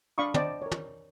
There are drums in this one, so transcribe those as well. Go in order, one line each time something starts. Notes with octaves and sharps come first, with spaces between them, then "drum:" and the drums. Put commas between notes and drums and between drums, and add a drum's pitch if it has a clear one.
D4 D5 F5 B5 C#6 D#6
C5 D5 D#5 G5 A5, drum: tom
A#4 C#5
drum: tom